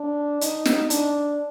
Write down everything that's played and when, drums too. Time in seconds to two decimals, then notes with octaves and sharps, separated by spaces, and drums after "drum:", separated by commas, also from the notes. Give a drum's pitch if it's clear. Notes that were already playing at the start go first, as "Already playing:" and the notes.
Already playing: D4
0.41 D#4, drum: hi-hat
0.65 drum: snare
0.90 D4, drum: hi-hat